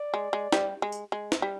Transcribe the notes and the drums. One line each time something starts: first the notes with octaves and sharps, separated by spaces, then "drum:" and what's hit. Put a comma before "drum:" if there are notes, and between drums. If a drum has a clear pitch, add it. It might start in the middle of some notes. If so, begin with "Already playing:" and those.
Already playing: D5
G#3
G#3
G3, drum: snare
G#3
drum: tambourine
G#3
drum: snare
G3